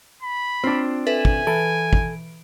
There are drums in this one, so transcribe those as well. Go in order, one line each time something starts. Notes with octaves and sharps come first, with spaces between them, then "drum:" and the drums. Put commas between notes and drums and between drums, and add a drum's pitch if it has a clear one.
B5
C4 D4 F4
A4 B4 E5 G#5
drum: kick
E3 A4 D7
drum: kick